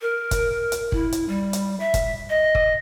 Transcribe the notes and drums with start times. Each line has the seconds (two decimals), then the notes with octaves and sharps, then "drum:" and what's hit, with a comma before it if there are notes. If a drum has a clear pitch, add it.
0.02 A#4
0.31 drum: kick, hi-hat
0.72 drum: hi-hat
0.92 E4, drum: kick
1.12 drum: hi-hat
1.28 G3
1.53 drum: hi-hat
1.80 E5
1.94 drum: kick, hi-hat
2.30 D#5
2.55 drum: kick